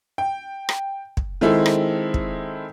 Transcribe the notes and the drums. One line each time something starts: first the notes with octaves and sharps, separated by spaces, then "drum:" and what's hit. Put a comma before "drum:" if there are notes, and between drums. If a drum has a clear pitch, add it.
G5
drum: rim click
drum: kick
D#3 G#3 C4 E4 A4
drum: rim click
drum: kick